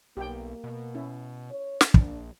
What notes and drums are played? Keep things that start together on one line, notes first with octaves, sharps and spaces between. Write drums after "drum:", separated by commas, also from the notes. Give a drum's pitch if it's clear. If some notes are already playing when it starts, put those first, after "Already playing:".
B1 A#3 G4 G5
B2
C#4 E4
C#5
drum: snare
A#1 D4, drum: kick